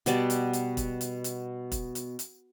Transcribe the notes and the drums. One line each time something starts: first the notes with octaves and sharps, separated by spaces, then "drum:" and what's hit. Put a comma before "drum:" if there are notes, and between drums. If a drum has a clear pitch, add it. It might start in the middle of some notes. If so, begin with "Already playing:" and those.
B2 G3 D5 A5, drum: hi-hat
drum: hi-hat
drum: hi-hat
drum: kick, hi-hat
drum: hi-hat
drum: hi-hat
drum: kick, hi-hat
drum: hi-hat
drum: hi-hat